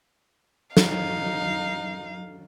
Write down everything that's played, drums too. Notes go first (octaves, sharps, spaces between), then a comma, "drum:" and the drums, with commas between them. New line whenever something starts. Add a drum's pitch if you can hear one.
D#4 F5, drum: snare